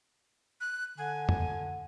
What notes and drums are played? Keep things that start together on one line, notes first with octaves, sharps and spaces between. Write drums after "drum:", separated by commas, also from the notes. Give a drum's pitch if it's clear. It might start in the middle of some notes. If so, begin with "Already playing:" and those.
F#6
D3 G#5
drum: tom